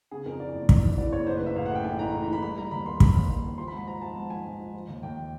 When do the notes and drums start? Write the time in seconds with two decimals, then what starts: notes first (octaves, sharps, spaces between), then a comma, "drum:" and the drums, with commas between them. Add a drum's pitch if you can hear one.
0.11 C#3 G#4
0.26 F2 A#4
0.40 E3 D5
0.54 F#1
0.69 F#1, drum: kick
0.83 E3
0.98 E3 D5
1.12 F#1 C#5
1.27 A1 C5
1.37 B4
1.41 A1
1.46 E5
1.56 A1 F5
1.66 F#5
1.70 A3 G5
1.84 E3 G#5
1.99 A1 A#5
2.14 E3
2.23 A#5
2.28 E3 B5
2.43 G3 B5
2.57 G3 A#5
2.71 D#2 B5
2.86 A#3 C6
3.00 G3 B5, drum: kick
3.14 D#2
3.29 D#2
3.44 D#3
3.58 F3 C6
3.68 B5
3.73 G#2
3.78 B5
3.87 F3 A#5
4.02 F3 A5
4.16 G#2 A5
4.30 F3 G#5
4.45 G#2
4.59 F3
4.73 F3
4.88 D#2
5.03 D#2 G5